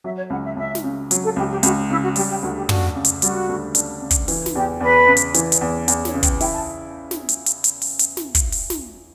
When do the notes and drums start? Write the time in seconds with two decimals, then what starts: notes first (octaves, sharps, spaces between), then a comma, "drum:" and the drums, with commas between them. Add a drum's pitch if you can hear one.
0.04 F#3 E5
0.17 C#5
0.30 C#2 F#5
0.44 E5
0.57 C#2 E5
0.75 drum: snare
0.84 C#3
1.11 F#3, drum: hi-hat
1.23 A4
1.36 C#2 G4
1.50 G4
1.63 C#2 F#4, drum: hi-hat
1.90 C#3 E4
2.03 F#4
2.16 G3 G4, drum: open hi-hat
2.29 G4
2.43 D2 F#4
2.56 G4
2.69 D4 F#4, drum: tom
2.95 C#3
3.05 drum: hi-hat
3.22 G3 F#4, drum: hi-hat
3.49 D2
3.75 D4, drum: hi-hat
4.01 C#3
4.11 drum: kick, hi-hat
4.28 E3, drum: open hi-hat
4.46 drum: snare
4.55 E2 G4
4.81 E2 B4
5.07 C#3
5.17 drum: hi-hat
5.34 E3, drum: hi-hat
5.52 drum: hi-hat
5.61 E2
5.88 E2, drum: hi-hat
6.05 C#5, drum: snare
6.14 C#3
6.23 G5, drum: kick, hi-hat
6.40 E4 G5, drum: open hi-hat
6.54 A5
7.11 drum: snare
7.29 drum: hi-hat
7.46 drum: hi-hat
7.64 drum: hi-hat
7.82 drum: open hi-hat
7.99 drum: hi-hat
8.17 drum: snare
8.35 drum: kick, hi-hat
8.52 drum: open hi-hat
8.70 drum: snare